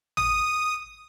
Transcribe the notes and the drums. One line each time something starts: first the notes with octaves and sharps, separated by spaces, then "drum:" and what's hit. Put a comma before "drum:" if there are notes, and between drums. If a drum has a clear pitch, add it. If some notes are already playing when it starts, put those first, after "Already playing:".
D#6, drum: tom